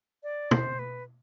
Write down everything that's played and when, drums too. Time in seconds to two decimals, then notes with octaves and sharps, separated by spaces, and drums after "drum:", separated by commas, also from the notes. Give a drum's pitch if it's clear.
0.23 D5
0.51 C5, drum: tom
0.79 B4